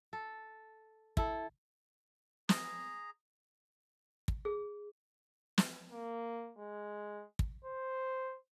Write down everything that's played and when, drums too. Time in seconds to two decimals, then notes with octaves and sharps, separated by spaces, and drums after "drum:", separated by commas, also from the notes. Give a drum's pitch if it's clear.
0.13 A4
1.17 E4 A4, drum: kick
2.49 G#4 A#5, drum: snare
4.28 drum: kick
4.45 G#4
5.58 drum: snare
5.92 A#3
6.59 G#3
7.39 drum: kick
7.65 C5